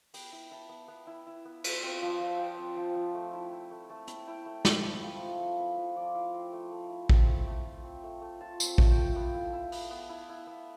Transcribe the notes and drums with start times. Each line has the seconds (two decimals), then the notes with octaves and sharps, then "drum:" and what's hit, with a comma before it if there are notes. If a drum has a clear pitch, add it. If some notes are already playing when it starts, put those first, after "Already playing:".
0.14 B3 G5, drum: open hi-hat
0.32 E4
0.51 E4 A5
0.69 B3
0.88 B3
1.07 E4
1.27 E4
1.45 B3
1.64 F4, drum: cymbal
1.83 C4
2.02 F3
2.20 F3
2.39 F4 G5
2.57 C4
2.77 F3
2.95 F3
3.15 A3
3.33 E4
3.52 E4
3.71 A3
3.89 A3 A5
4.08 E4, drum: hi-hat
4.27 E4 G5
4.46 A3
4.65 E4 B4, drum: snare
4.83 C4
5.02 F3 B4
5.21 F3
5.39 E4 A4
5.58 C4 B4
5.77 F3 B4
5.96 F3 D5
6.14 E4 F5
6.34 C4
6.53 A3
6.72 A3
6.90 E4
7.09 C4, drum: kick A1
7.27 A3
7.47 A3
7.65 F4
7.84 C4
8.04 A3
8.22 A3
8.41 F4 A5
8.60 C4, drum: tambourine
8.66 A5
8.78 A3, drum: kick A1
8.91 G5
8.97 A3
9.16 B3 F5
9.34 E4
9.53 E4
9.72 B3, drum: open hi-hat
9.91 B3
10.09 E4
10.29 E4
10.47 B3